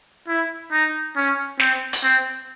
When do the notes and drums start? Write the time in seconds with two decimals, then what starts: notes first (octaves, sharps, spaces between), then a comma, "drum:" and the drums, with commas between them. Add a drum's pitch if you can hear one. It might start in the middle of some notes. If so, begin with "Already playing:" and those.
0.28 E4
0.72 D#4
1.16 C#4
1.59 C4, drum: snare
1.93 drum: hi-hat
2.03 C4